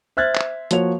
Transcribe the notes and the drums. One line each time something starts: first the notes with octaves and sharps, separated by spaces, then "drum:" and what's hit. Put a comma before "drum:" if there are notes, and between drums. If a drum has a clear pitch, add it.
C5 E5 F6 F#6 G#6 A6
drum: clap
F3 A#3 F#4 C#5 F7, drum: hi-hat